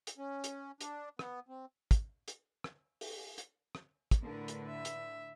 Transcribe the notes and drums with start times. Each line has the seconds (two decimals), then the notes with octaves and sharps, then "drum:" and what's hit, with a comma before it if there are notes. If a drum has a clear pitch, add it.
0.07 drum: hi-hat
0.18 C#4
0.44 drum: hi-hat
0.81 D4, drum: hi-hat
1.19 B3, drum: rim click
1.49 C4
1.91 drum: kick, hi-hat
2.28 drum: hi-hat
2.64 drum: rim click
3.01 drum: open hi-hat
3.38 drum: hi-hat
3.75 drum: rim click
4.11 drum: kick, hi-hat
4.22 A2 D3 A#4 B4
4.48 drum: hi-hat
4.68 E5
4.85 drum: hi-hat